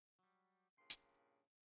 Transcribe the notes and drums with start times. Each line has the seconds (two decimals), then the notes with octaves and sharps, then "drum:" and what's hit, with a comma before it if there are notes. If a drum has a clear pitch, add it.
0.19 F#3 G3
0.78 G2 A#2 C#3 C6
0.90 drum: hi-hat